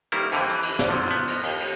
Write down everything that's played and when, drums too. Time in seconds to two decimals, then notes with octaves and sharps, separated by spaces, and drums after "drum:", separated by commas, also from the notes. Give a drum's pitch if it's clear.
0.12 D#3 G3 A#3 E4, drum: cymbal
0.32 F2 D3 E3, drum: cymbal
0.50 E3
0.63 drum: cymbal
0.79 drum: snare
0.88 D3 F3 F#3
1.08 F3 B3
1.28 drum: cymbal
1.44 D#2, drum: cymbal
1.60 drum: cymbal